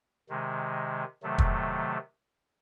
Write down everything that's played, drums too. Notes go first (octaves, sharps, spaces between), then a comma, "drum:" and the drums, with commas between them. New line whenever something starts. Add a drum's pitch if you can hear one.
C3 D#3 G#3
C3 D#3 F#3 A3
drum: kick